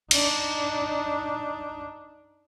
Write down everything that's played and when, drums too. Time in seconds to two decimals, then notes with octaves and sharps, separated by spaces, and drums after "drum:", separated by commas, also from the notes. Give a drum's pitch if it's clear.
0.11 D4 D#4, drum: cymbal